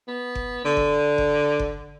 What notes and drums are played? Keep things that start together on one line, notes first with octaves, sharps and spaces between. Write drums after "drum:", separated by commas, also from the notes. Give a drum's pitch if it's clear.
B3
drum: kick G1
D3
drum: kick G1
drum: kick G1
drum: kick G1